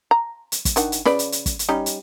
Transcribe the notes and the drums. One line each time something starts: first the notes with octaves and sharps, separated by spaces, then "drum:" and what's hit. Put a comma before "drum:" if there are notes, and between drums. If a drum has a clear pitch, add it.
A#5
drum: hi-hat
drum: kick, hi-hat
D#3 D4 F#5, drum: hi-hat
drum: hi-hat
C#3 B4 D5, drum: snare
drum: hi-hat
drum: hi-hat
drum: kick, hi-hat
drum: hi-hat
G3 C#4 D#4
drum: hi-hat